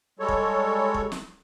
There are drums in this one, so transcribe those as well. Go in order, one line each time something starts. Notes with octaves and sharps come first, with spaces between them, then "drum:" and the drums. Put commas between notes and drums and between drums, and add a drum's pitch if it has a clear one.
G3 G#3 A4 C#5
drum: kick
drum: kick
drum: snare